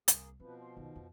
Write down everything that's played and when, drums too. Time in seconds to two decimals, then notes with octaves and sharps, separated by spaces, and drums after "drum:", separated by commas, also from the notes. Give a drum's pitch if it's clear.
0.08 C2 A#3 G#4, drum: hi-hat
0.40 B2 F3 C4 B4
0.62 C6
0.77 B1 D#3
0.95 F2